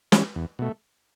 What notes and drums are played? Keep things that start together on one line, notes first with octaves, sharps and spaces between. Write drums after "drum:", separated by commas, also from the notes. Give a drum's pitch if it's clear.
E3 G3 C#4, drum: snare
E2
B2 A3